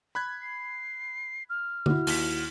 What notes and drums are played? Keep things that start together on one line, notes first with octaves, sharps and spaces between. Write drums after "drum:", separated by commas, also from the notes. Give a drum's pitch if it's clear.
B5 F#6 G#6
C7
F6
E4 F#4, drum: tom D3
D#2 B6, drum: open hi-hat